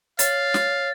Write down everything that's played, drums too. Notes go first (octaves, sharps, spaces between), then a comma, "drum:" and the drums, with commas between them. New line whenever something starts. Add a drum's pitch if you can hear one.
C#5 F5 A6, drum: hi-hat
drum: snare